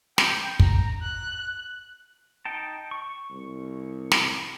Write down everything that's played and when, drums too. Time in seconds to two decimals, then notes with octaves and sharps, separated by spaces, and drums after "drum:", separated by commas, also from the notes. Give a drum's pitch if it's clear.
0.18 G5, drum: snare
0.60 A#5, drum: kick
1.02 F#6
2.45 D#4 G5 A5
2.91 C#6
3.30 C2
4.11 drum: snare